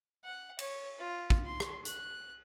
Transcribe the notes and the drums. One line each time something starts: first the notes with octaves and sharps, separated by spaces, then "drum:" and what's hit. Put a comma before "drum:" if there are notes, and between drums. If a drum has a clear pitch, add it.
F#5
C#5, drum: cymbal
F4
drum: kick
C6
drum: rim click
F#6, drum: hi-hat